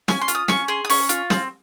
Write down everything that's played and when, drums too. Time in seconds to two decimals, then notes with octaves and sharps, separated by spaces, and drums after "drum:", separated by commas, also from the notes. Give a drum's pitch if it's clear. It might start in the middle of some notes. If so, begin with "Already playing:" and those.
0.08 C#4 G#5, drum: snare
0.21 C6
0.28 F4, drum: hi-hat
0.35 D#6
0.48 C#4 C#6, drum: snare
0.68 G#4 C6
0.85 D#6
0.90 C#4 C#6, drum: open hi-hat
1.09 F4, drum: hi-hat
1.30 C4, drum: snare